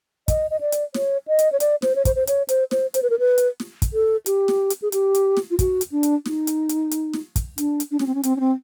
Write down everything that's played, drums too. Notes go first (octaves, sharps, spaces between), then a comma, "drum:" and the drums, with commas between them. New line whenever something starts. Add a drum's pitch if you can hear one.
D#5, drum: kick, hi-hat
D#5
D5
drum: hi-hat
C#5, drum: snare
D#5
drum: hi-hat
C#5
D5, drum: hi-hat
C5, drum: snare
C#5
C5, drum: kick, hi-hat
C5
C#5, drum: hi-hat
C5, drum: hi-hat
C5, drum: snare
C5, drum: hi-hat
B4
A#4
B4
drum: hi-hat
drum: snare
drum: kick, hi-hat
A4
G4, drum: hi-hat
drum: snare
drum: hi-hat
G#4
G4, drum: hi-hat
drum: hi-hat
drum: snare
F4
F#4, drum: kick, hi-hat
drum: hi-hat
D4
drum: hi-hat
D#4, drum: snare
drum: hi-hat
drum: hi-hat
drum: hi-hat
drum: snare
drum: kick, hi-hat
D4, drum: hi-hat
drum: hi-hat
D4
C#4, drum: snare
C4
C#4
C4, drum: hi-hat
C#4
C4